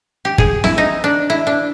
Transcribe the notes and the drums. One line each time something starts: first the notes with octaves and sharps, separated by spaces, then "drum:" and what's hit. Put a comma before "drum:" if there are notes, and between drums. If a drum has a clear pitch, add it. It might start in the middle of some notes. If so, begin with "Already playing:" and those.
G4
G#4, drum: kick
E4, drum: snare
D#4
D4
E4
D4